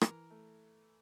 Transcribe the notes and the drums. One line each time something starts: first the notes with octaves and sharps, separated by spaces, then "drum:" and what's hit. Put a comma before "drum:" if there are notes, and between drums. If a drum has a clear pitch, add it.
E3 A#4, drum: rim click
A3